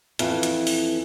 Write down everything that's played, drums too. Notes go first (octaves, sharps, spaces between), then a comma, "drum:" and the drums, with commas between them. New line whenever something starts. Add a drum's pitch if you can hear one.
F2 E3, drum: hi-hat
drum: hi-hat
drum: open hi-hat